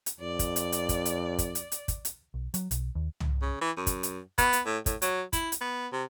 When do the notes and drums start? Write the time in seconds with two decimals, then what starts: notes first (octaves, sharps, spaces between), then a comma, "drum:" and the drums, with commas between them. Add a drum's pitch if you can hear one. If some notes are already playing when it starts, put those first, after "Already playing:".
0.06 drum: hi-hat
0.20 F2 D5
0.39 drum: kick, hi-hat
0.56 drum: hi-hat
0.72 drum: hi-hat
0.89 drum: kick, hi-hat
1.05 drum: hi-hat
1.39 drum: kick, hi-hat
1.55 drum: hi-hat
1.72 drum: hi-hat
1.88 drum: kick, hi-hat
2.05 drum: hi-hat
2.34 B1
2.54 F#3, drum: hi-hat
2.71 B1, drum: hi-hat
2.95 D#2
3.20 drum: tom
3.42 C#3
3.61 E3
3.77 F#2
3.87 drum: kick, hi-hat
4.03 drum: hi-hat
4.38 B3, drum: kick, hi-hat
4.53 drum: hi-hat
4.66 A2
4.86 A2, drum: kick, hi-hat
5.02 F#3, drum: hi-hat
5.33 E4, drum: kick, hi-hat
5.52 drum: hi-hat
5.61 B3
5.92 C3